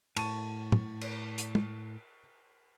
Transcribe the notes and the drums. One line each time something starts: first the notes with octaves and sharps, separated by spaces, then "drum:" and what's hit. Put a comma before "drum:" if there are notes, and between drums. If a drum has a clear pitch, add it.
A2 A5 C#6 D#7, drum: cymbal
drum: tom
drum: cymbal
drum: hi-hat
drum: tom